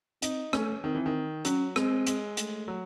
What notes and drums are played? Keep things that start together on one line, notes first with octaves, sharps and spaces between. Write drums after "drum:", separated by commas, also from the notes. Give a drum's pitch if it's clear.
C4 D#4, drum: hi-hat
A3 C#4, drum: rim click
D#3 C4
E3
D#3
F#3 C#4, drum: hi-hat
G#3 C4, drum: rim click
G#3, drum: hi-hat
A3, drum: hi-hat
F#3